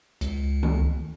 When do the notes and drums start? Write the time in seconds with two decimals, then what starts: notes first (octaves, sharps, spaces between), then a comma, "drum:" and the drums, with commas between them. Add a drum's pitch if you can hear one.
0.21 C#2, drum: hi-hat
0.63 drum: tom D#3